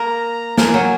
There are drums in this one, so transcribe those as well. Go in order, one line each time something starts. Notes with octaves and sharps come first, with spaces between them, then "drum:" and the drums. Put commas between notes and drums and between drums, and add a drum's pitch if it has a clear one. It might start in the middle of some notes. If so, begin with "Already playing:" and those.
Already playing: A#3 A#5
A#3 G#5, drum: snare
F#3